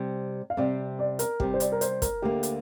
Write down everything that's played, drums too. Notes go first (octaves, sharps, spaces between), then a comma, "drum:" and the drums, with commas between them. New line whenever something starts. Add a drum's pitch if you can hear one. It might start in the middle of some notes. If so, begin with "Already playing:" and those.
Already playing: C3 G3 C4
F5
C3 G3 C4 D5
D5
A#4, drum: hi-hat
C3 G3 C4 G4, drum: kick
C5
D5, drum: hi-hat
A#4
C5, drum: hi-hat
A#4, drum: kick, hi-hat
D2 D3 A#3 G4
drum: hi-hat